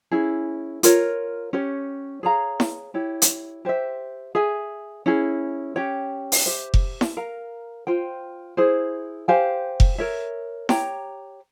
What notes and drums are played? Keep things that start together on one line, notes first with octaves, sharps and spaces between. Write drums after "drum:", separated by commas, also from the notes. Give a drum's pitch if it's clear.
C#4 E4 G#4
F4 A#4 C#5, drum: hi-hat
C#4 G4 C#5
G#4 C#5 F5 A#5
drum: snare E4
E4 G4 C#5
drum: hi-hat
G4 C5 E5
G#4 E5 G#5
C#4 E4 G#4
C#4 G4 C#5 G5
drum: open hi-hat
G4 C5 E5
drum: kick F1
drum: snare E4
A#4 F5 A#5
F4 C5 G5
E4 G#4 C5
G4 C5 F5 G#5
drum: kick F1
A#4 C#5 E5
G4 C#5 G5 A#5, drum: snare E4